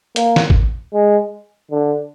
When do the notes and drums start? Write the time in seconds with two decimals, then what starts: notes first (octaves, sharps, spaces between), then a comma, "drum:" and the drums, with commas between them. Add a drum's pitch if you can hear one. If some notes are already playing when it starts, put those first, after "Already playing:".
0.16 A#3, drum: hi-hat
0.36 drum: snare
0.50 drum: kick G#1
0.93 G#3
1.71 D3